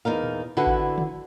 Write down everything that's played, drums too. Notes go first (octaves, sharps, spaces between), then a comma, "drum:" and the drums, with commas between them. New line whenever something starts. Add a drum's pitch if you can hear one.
E2 D#4 A#4 F5
drum: tom A#2
D3 E4 F#4 B4 F#5
drum: kick G#1
drum: tom D3